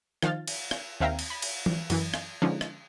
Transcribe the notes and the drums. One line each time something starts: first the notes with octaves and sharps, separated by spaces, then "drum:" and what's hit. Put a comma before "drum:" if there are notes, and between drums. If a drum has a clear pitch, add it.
D#3 F3 F5 F6 A6, drum: rim click
drum: cymbal
drum: rim click
D#2 C4 E5 F5 G5 A#5
drum: cymbal
B5
drum: cymbal
drum: tom E3
F#2 E3, drum: cymbal
drum: rim click
D3 F3 G#3 C#4 D#4
drum: rim click